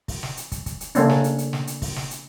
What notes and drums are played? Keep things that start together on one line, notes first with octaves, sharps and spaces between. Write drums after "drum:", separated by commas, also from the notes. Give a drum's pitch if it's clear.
drum: kick, open hi-hat
drum: snare
drum: hi-hat
drum: kick, hi-hat
drum: kick, hi-hat
drum: hi-hat
C#3 A3 A#3 C#4 D4, drum: hi-hat
drum: snare
drum: hi-hat
drum: hi-hat
drum: snare
drum: hi-hat
drum: kick, open hi-hat
drum: snare
drum: hi-hat